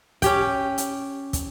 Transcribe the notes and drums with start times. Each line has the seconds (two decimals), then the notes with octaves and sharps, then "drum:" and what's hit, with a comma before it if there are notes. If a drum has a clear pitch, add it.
0.22 C#4 G4 G5, drum: kick, hi-hat
0.78 drum: hi-hat
1.33 drum: kick, hi-hat